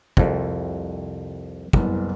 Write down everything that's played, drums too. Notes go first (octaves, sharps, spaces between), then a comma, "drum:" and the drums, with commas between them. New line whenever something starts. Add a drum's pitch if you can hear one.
C2 F2, drum: kick
F#1 C2 B3, drum: kick